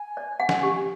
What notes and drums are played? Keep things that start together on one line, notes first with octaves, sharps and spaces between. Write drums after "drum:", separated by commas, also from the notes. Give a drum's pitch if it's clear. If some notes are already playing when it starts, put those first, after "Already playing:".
Already playing: G#5
D5
F#5
drum: snare
G4
G#5